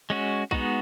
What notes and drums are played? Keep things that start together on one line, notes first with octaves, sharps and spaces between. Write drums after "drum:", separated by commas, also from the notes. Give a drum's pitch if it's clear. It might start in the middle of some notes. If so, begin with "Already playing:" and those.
G#3 C#4 F#4
G#3 B3 D#4 F#4, drum: kick B1